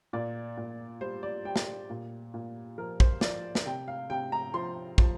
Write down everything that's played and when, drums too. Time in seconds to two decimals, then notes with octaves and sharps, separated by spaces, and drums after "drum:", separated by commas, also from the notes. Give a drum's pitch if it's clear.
0.13 A#2 D5
0.57 A#2
1.01 G3 C5
1.23 D5
1.45 G3 G5
1.56 drum: snare
1.90 A#2
2.34 A#2
2.78 F3 A#4
3.00 C5, drum: kick
3.21 F3 D5, drum: snare
3.55 drum: snare
3.66 C3 G5
3.88 F5
4.10 C3 G5
4.32 A#5
4.54 F3 C6
4.98 F3, drum: kick